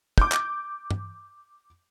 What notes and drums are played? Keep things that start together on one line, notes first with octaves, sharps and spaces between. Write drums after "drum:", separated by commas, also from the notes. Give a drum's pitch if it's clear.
D6 G6, drum: kick
drum: clap
drum: tom